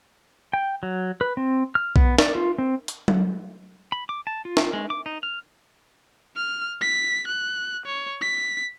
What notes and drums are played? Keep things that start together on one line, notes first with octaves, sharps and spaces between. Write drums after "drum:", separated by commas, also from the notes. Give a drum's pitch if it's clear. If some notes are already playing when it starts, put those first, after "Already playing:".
G5
F#3
B4
C4
F6
B3, drum: kick B1
D5, drum: snare
F4
C4
drum: hi-hat
drum: tom F#3
B5
D6
A5
F4
drum: snare
G#3
D6
D#4
F6
F6
B6
F#6
C#5
B6